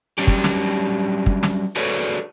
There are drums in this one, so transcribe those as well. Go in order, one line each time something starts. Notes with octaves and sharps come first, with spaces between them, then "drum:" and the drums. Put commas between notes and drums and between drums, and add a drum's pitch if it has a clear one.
F#3 G3 C#4 D4 G4
drum: kick
drum: snare
drum: kick
drum: snare
F#4 G#4 A4 B4 C#5 D5